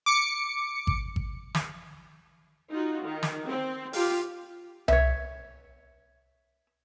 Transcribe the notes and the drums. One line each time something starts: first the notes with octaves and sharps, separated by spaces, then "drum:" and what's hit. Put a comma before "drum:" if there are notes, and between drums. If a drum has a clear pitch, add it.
D6 C#7
drum: kick G#1
drum: kick G#1
drum: snare
D#4 F4 F#4
D#3
drum: snare
C4
F4 G4 F5, drum: open hi-hat
C#5 E5, drum: tom C2